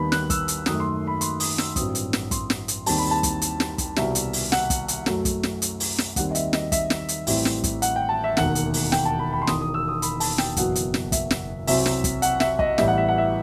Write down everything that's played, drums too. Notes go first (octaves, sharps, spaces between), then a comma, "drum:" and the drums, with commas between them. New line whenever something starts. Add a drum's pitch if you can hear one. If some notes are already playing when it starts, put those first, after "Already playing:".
Already playing: D#2 D#3 G3 B3 B5
F#6, drum: snare
E6, drum: kick, hi-hat
drum: hi-hat
F#2 D#3 A3 D#6, drum: snare
C6
B5
C6, drum: hi-hat
D#6, drum: open hi-hat
E6, drum: snare
A1 G2 F#3 C4 D#6, drum: kick, hi-hat
drum: hi-hat
drum: snare
C6, drum: kick, hi-hat
drum: snare
drum: hi-hat
D#2 D#3 G3 C4 A5, drum: open hi-hat
B5
A5
drum: kick, hi-hat
drum: hi-hat
drum: snare
drum: kick, hi-hat
C2 B2 G3 E5, drum: snare
drum: hi-hat
drum: open hi-hat
F#5, drum: snare
drum: kick, hi-hat
drum: hi-hat
F#2 F#3 A3, drum: snare
drum: kick, hi-hat
drum: snare
drum: hi-hat
drum: open hi-hat
drum: snare
D#2 D#3 G3 C4 F#5, drum: kick, hi-hat
D#5
E5, drum: hi-hat
D#5, drum: snare
E5, drum: kick, hi-hat
drum: snare
drum: hi-hat
A1 A2 G3 C4 E5, drum: open hi-hat
drum: snare
drum: kick, hi-hat
F#5, drum: hi-hat
G5
A5
E5
E1 D#2 D#3 F#5, drum: snare
drum: hi-hat
drum: open hi-hat
G5, drum: snare
A5
B5
B5
C6
E1 E2 D#3 D#6, drum: snare
D#6
E6
D#6
B5, drum: hi-hat
A5, drum: open hi-hat
G5, drum: snare
F#1 E2 B2 F#3 F#5, drum: kick, hi-hat
drum: hi-hat
drum: snare
E5, drum: kick, hi-hat
drum: snare
C2 C3 F#3 C4 E5, drum: open hi-hat
drum: snare
drum: kick, hi-hat
F#5, drum: hi-hat
E5, drum: snare
D#5, drum: kick
A1 A2 E3 G3 B3 E5, drum: snare
F#5
E5
F#5
E5